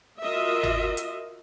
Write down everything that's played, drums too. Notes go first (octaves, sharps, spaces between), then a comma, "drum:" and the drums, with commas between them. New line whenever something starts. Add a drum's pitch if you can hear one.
F4 F#4 A#4 D#5 E5
drum: tom
drum: hi-hat